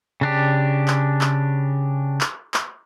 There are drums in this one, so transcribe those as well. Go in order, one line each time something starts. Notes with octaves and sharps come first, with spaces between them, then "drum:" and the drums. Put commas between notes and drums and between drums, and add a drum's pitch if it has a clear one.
C#3 D4 G4
drum: clap
drum: clap
drum: clap
drum: clap